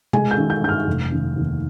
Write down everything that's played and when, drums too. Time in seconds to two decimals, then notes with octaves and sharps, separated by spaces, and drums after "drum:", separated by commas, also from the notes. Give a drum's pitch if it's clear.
0.13 G#3 G#5, drum: tom C3
0.31 G6
0.37 D#3
0.50 G6
0.62 G2 G6
0.69 F6
0.87 F1
1.12 D#3
1.36 D#2